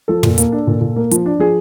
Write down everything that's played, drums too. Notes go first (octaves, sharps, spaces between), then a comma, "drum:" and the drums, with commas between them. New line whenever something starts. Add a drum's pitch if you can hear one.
F3 A4
A#2, drum: tom
A#3, drum: hi-hat
D4
A#2
A#2
A#3
F3, drum: hi-hat
D4
F3 G#4